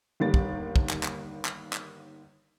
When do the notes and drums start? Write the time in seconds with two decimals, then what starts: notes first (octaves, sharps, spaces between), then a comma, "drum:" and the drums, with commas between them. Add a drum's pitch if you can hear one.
0.20 G1 D#3 G3 A#3 A6
0.34 drum: kick
0.76 drum: kick
0.89 drum: clap
1.03 drum: clap
1.45 drum: clap
1.73 drum: clap